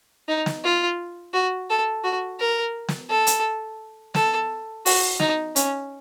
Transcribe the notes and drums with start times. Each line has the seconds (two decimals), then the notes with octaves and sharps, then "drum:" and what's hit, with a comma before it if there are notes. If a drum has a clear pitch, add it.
0.28 D#4
0.46 drum: snare
0.64 F4
1.33 F#4
1.69 A4
2.04 F#4
2.40 A#4
2.88 drum: snare
3.10 A4
3.27 drum: hi-hat
4.14 A4, drum: snare
4.86 F#4, drum: open hi-hat
5.20 D#4, drum: snare
5.56 C#4, drum: hi-hat